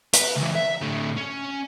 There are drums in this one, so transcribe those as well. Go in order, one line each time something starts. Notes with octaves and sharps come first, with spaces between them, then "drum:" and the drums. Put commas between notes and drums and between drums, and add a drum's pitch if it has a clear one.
B4, drum: hi-hat
C#2 E3
E5
A2 D3
C#4